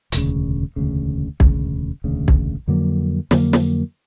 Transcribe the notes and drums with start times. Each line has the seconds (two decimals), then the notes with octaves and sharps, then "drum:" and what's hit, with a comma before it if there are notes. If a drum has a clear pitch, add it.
0.12 E1 D2 C#3, drum: hi-hat
0.76 E1 D2 C#3
1.40 E1 D2 C#3, drum: kick
2.04 E1 D2 C#3
2.28 drum: kick
2.68 F2 D3 F#3 A#3
3.31 F2 D3 F#3 A#3, drum: snare
3.53 drum: snare